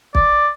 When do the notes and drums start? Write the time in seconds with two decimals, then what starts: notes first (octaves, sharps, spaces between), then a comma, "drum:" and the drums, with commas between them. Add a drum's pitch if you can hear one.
0.15 D5, drum: kick